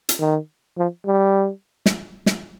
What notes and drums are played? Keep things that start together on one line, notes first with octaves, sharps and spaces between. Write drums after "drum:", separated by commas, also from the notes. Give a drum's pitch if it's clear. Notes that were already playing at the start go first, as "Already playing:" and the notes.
drum: hi-hat
D#3
F3
G3
drum: snare
drum: snare